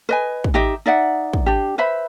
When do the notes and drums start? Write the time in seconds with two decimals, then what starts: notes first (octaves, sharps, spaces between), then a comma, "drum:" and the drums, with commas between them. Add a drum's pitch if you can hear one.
0.09 B4 D#5 G#5
0.44 drum: kick
0.54 D#4 G4 D#5 E5
0.86 D#4 D5 E5 F#5
1.33 drum: kick
1.46 D4 G4
1.78 B4 C5 E5 B5